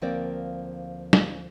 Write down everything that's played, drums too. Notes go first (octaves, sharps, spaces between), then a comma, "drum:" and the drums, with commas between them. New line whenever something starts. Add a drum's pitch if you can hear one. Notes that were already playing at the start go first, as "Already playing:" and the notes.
D2 F3 A#3 C4 A#4 D5
drum: snare